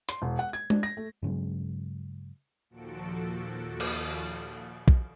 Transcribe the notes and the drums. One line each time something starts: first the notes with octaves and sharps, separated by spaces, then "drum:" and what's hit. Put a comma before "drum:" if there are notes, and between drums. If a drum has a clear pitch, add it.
C6, drum: hi-hat
E1
F#5
G#6
D4, drum: tom
A#6
A3
G2 C#3 F#3 G#3
D#2 A#2 F3 F#4 A4 D7
drum: cymbal
drum: kick